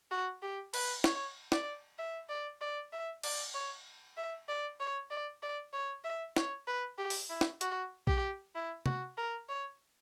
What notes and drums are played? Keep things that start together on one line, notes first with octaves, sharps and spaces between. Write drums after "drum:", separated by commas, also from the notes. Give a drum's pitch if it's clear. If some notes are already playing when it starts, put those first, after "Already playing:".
F#4
G4
B4, drum: cymbal
C#5, drum: snare
D5, drum: snare
E5
D5
D5
E5
D5, drum: cymbal
C#5
E5
D5
C#5
D5
D5
C#5
E5
C#5, drum: snare
B4
G4
drum: open hi-hat
E4
drum: snare
F#4, drum: hi-hat
G4, drum: kick A#1
E4
F#4, drum: tom
A#4
C#5